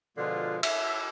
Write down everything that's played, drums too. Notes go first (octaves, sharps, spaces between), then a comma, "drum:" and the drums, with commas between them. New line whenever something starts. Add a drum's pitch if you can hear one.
B2 D3 F3 G#3 F4
E5, drum: cymbal